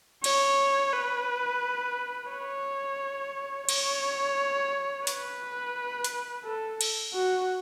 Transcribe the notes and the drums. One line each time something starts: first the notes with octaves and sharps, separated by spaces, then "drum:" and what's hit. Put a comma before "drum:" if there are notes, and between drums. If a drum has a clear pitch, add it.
C#5, drum: cymbal
B4
C#5
C#5, drum: cymbal
B4, drum: hi-hat
drum: hi-hat
A4
drum: cymbal
F#4